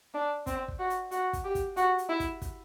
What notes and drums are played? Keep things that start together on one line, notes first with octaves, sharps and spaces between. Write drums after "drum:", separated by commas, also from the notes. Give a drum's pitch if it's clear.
D4
C4, drum: kick, hi-hat
drum: kick
F#4
drum: hi-hat
F#4, drum: hi-hat
drum: kick, hi-hat
G4
drum: kick, hi-hat
F#4, drum: hi-hat
drum: hi-hat
E4
drum: kick, hi-hat
drum: kick, hi-hat